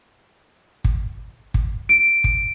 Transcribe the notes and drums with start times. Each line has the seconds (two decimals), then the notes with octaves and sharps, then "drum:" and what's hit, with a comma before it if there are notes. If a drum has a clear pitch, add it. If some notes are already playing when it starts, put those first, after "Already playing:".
0.85 drum: kick
1.54 drum: kick
1.89 D7
2.24 drum: kick